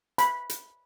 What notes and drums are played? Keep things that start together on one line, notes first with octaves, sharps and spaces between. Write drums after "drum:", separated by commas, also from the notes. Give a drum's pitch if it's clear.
B5, drum: hi-hat
drum: hi-hat